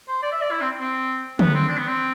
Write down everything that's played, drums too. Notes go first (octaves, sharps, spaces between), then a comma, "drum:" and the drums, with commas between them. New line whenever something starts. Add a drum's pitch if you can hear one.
C5
D5
E5
D5
E4
C4
C4
B3, drum: tom D3
C4
D4
B3
C4